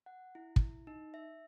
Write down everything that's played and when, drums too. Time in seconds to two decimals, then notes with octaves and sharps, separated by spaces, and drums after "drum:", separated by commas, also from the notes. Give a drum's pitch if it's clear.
0.06 F#5
0.35 E4
0.56 drum: kick
0.87 D#4
1.14 E5